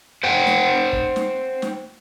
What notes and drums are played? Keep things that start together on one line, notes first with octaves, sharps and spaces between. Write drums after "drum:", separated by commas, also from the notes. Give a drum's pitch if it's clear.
C5 F#5 G5
drum: snare
drum: kick
drum: snare
drum: snare